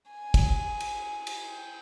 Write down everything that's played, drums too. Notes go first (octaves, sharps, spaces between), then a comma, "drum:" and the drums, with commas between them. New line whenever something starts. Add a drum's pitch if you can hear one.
G#5
drum: kick, cymbal
drum: cymbal
drum: cymbal
G5